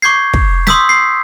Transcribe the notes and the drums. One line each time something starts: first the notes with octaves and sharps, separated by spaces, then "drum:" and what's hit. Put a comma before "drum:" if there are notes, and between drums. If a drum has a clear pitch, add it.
C#6 D6 G6 G#6 C7
drum: kick
C6 D#6 E6 G6 B6, drum: snare
C7